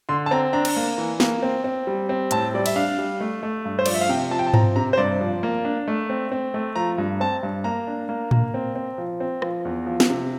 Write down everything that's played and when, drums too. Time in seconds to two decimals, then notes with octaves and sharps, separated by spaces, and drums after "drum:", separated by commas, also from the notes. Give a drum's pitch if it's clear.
0.09 D3 C6
0.26 A5
0.31 C4 A#5
0.53 D4 A#5
0.65 drum: cymbal
0.76 A#3
0.98 E3
1.20 A#3, drum: snare
1.42 C4
1.64 C4
1.87 G3
2.09 C4
2.31 A2 A5, drum: hi-hat
2.54 G3 D5
2.66 E5, drum: cymbal
2.76 D4 F5
2.98 G3
3.21 A3
3.43 A3
3.65 G2
3.79 C5
3.86 F3 D5, drum: cymbal
3.94 E5
4.01 F5
4.09 C3 G5
4.31 F3 A5
4.39 G5
4.47 A5
4.54 C4 A#5, drum: tom G#2
4.76 C3 A#5
4.93 C5
4.98 G2 D5
5.21 F3
5.43 A#3
5.65 D4
5.88 A3
6.10 C4
6.32 C4
6.54 A3
6.76 F3 A#5
6.98 G2
7.20 C4 A5
7.43 G2
7.64 A#3 A#5
7.87 D4
8.09 A#3
8.31 A#3, drum: tom A2
8.54 C4
8.75 C4
8.98 F3
9.20 C4
9.42 F3, drum: rim click
9.65 E2
9.87 F3
10.00 drum: snare
10.10 C3